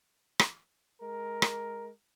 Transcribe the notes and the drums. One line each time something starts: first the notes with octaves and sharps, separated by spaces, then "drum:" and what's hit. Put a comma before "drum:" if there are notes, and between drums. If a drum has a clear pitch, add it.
drum: rim click
G#3 A#4
drum: rim click